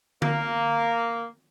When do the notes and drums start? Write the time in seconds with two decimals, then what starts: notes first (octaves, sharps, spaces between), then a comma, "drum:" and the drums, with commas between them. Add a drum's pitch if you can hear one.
0.22 A#3, drum: tom D3